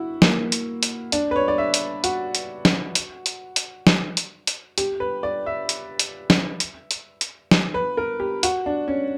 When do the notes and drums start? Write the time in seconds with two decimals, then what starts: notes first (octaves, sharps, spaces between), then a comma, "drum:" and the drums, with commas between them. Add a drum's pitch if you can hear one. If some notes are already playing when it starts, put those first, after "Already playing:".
Already playing: E4 F#4
0.22 A#3, drum: snare
0.52 drum: hi-hat
0.83 drum: hi-hat
1.12 D4, drum: hi-hat
1.31 B4
1.36 C#5
1.48 D5
1.58 E5
1.74 drum: hi-hat
2.04 F#4, drum: hi-hat
2.35 drum: hi-hat
2.65 drum: snare
2.95 drum: hi-hat
3.26 drum: hi-hat
3.56 drum: hi-hat
3.87 drum: snare
4.17 drum: hi-hat
4.47 drum: hi-hat
4.78 G4, drum: hi-hat
5.00 B4
5.23 D5
5.46 E5
5.69 drum: hi-hat
5.99 drum: hi-hat
6.30 drum: snare
6.60 drum: hi-hat
6.91 drum: hi-hat
7.21 drum: hi-hat
7.51 drum: snare
7.74 B4
7.97 A#4
8.20 G4
8.43 F#4, drum: hi-hat
8.66 D4
8.88 C#4